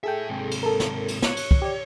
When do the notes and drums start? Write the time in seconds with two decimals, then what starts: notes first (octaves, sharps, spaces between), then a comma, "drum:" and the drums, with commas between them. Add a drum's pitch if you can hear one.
0.03 A2 G#4 A4 E5 G5
0.29 G#2 C3
0.51 drum: cymbal
0.63 A4 A#4
0.80 drum: snare
1.08 drum: cymbal
1.22 C#5 F#6 G#6, drum: snare
1.37 drum: cymbal
1.51 drum: kick
1.62 G4 D5